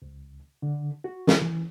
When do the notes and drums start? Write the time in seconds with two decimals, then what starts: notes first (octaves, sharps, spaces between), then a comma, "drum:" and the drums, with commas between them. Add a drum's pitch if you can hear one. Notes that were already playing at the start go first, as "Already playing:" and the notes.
0.02 C#2
0.62 D3
1.04 F#4
1.27 drum: snare
1.41 E3